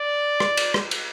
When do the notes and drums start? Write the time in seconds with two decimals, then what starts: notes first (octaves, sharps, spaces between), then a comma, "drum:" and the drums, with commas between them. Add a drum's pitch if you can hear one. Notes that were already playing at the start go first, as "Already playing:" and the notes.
Already playing: D5
0.40 drum: rim click
0.57 drum: cymbal
0.74 drum: rim click
0.91 drum: cymbal